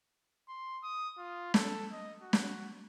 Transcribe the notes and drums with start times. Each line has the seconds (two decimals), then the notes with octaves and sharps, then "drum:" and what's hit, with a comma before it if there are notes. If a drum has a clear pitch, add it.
0.48 C6
0.83 D#6
1.18 F4
1.54 A4, drum: snare
1.92 D#5
2.21 F#4
2.33 drum: snare